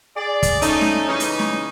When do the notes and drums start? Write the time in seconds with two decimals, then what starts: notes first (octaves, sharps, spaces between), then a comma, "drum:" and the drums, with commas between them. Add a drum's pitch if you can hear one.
0.16 G#4 D5
0.43 drum: kick, hi-hat
0.62 A3 C#4 D#4, drum: hi-hat
0.81 drum: snare
1.09 C#3 E3 C#4 D#4
1.20 drum: hi-hat
1.39 drum: snare